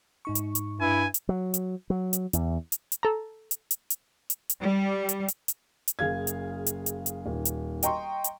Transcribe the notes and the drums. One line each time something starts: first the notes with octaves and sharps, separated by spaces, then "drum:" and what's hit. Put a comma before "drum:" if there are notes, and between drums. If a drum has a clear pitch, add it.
G#2 D#4 C#6
drum: hi-hat
drum: hi-hat
G2 E4 G#5
drum: hi-hat
F#3
drum: hi-hat
F#3
drum: hi-hat
E2, drum: hi-hat
drum: hi-hat
drum: hi-hat
A4 A#5
drum: hi-hat
drum: hi-hat
drum: hi-hat
drum: hi-hat
drum: hi-hat
G3
drum: hi-hat
drum: hi-hat
drum: hi-hat
drum: hi-hat
F#1 G#4 F5 G#6
drum: hi-hat
drum: hi-hat
drum: hi-hat
drum: hi-hat
D#1
drum: hi-hat
D#5 G5 A#5 C6 C#6, drum: hi-hat
drum: hi-hat